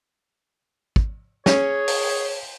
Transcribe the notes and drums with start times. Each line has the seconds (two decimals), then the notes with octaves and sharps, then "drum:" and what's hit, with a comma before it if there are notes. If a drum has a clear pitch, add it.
0.96 drum: kick
1.46 C#4 G#4 C#5, drum: snare
1.88 drum: open hi-hat